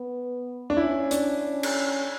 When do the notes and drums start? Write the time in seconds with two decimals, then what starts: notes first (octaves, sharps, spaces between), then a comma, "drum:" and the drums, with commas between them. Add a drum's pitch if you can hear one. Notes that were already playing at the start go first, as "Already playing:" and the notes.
Already playing: B3
0.70 D4
0.77 C#4 E4
1.11 D4, drum: hi-hat
1.44 C#4
1.63 drum: cymbal